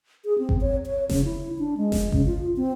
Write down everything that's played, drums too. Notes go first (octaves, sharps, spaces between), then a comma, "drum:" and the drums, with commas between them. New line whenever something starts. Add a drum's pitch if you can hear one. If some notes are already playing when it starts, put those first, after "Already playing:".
G#4
C4
drum: kick G#1
C#5
C#5
C#3, drum: snare F1
E4
D4
G#3
drum: snare F1
C#3, drum: kick G#1
F4
C4